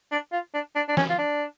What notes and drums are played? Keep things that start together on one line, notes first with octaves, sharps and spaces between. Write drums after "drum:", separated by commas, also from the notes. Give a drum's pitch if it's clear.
D4
F4
D4
D4
D4
C#4, drum: snare
F4
D4